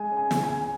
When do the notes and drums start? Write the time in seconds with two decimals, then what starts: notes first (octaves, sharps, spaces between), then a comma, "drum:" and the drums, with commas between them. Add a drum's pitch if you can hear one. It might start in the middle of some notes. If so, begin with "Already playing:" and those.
Already playing: G#3 G#5
0.12 C#4
0.17 G#5
0.31 C#3, drum: snare
0.43 G#5
0.49 C#2